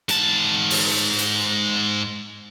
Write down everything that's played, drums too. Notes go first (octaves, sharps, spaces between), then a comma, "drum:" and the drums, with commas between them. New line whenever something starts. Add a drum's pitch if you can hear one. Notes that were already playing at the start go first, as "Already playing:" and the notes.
G#2 A5, drum: hi-hat
drum: open hi-hat
drum: hi-hat